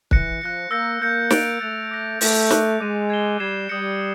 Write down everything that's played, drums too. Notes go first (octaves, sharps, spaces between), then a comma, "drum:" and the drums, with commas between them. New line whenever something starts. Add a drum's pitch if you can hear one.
E3 F#6 A#6 C#7, drum: kick
F3 F#6 A#6 C#7
A#3 E6 G6 A#6 C#7
A#3 E6 G6 A#6 C#7
F#6 A6 D7 F7, drum: snare
A3 F#6 A6 D7 F7
D6 F#6 A#6
A3 D6 F#6 A#6, drum: open hi-hat
D6 F#6 A#6 D#7, drum: snare
G#3 D6 F#6 A#6 D#7
G#6 C7 E7 G7
G3 G#6 C7 E7 G7
G3 D#6 G6 A#6 C#7
D#6